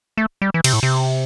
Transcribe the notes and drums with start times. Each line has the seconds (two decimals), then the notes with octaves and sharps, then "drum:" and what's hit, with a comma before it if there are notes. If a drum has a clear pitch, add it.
0.17 A3
0.42 G3
0.54 E3
0.64 C3, drum: cymbal
0.73 A2
0.83 C3